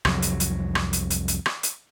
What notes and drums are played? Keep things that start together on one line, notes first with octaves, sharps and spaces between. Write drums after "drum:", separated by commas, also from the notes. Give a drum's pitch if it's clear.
C2 F2 F#3, drum: rim click
drum: hi-hat
drum: hi-hat
drum: rim click
drum: hi-hat
drum: hi-hat
drum: hi-hat
drum: rim click
drum: hi-hat